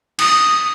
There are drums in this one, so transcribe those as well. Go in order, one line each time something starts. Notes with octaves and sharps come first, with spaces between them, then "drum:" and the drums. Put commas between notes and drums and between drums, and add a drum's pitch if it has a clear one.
D#6, drum: cymbal